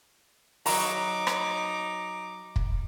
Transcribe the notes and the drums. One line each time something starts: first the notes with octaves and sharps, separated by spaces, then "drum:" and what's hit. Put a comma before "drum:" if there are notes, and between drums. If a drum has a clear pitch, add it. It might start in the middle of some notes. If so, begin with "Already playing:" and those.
F#3 D#4 A#5 D6, drum: open hi-hat
drum: rim click
drum: kick